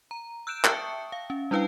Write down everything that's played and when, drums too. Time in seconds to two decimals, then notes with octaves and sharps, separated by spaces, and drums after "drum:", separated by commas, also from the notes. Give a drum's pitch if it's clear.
0.11 A#5
0.47 E6 F#6 G6 D7 E7
0.64 E5 G5 A5 C#6 D#6 C#7, drum: clap
1.12 F5
1.30 C#4
1.51 G3 D4 E4 B4 F5 G5